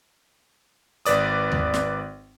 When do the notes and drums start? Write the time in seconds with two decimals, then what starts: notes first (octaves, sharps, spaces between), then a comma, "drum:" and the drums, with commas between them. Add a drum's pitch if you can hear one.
1.06 G#1 B4 D5 D#6, drum: hi-hat
1.52 drum: tom D#2
1.74 drum: snare